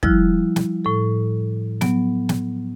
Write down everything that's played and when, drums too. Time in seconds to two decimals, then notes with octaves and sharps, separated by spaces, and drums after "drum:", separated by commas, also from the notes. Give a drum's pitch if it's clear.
0.03 F3 G3 E4 F6 F#6, drum: kick
0.56 drum: snare
0.85 A2 A4
1.81 F#3 B3, drum: snare
2.29 drum: snare